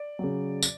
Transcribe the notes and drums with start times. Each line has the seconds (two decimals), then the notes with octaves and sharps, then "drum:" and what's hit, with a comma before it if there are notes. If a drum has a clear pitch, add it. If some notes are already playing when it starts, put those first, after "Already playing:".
Already playing: D5
0.19 C#3 F#3
0.63 drum: tambourine